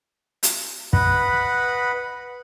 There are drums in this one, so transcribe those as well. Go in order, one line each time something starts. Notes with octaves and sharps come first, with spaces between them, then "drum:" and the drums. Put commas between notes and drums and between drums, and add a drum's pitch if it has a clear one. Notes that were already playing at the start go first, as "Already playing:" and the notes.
drum: hi-hat
B4 D#5 F#5 B5, drum: kick